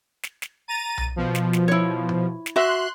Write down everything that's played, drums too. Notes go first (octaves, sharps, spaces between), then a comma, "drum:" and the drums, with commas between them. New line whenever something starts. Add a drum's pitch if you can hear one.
drum: snare
drum: snare
A#5 A6 D#7
drum: tom B1
B2 F3
drum: snare
drum: snare
E4 C#5
drum: tom B2
drum: snare
F#4 E5 C6 F#6